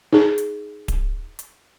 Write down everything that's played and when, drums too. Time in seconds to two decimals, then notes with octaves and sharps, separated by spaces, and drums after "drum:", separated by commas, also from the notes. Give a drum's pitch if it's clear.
0.13 D#4 G#4
0.38 drum: hi-hat
0.88 drum: kick D1, hi-hat
1.39 drum: hi-hat